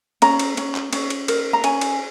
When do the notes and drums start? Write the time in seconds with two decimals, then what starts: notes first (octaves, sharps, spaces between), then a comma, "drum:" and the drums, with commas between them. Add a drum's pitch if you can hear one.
0.22 C#4 A#5, drum: cymbal
0.39 drum: cymbal
0.57 C#4, drum: cymbal
0.75 drum: clap
0.93 C#4, drum: cymbal
1.10 drum: cymbal
1.28 A#4, drum: cymbal
1.53 A#5
1.64 C#4 G#5, drum: cymbal
1.81 drum: cymbal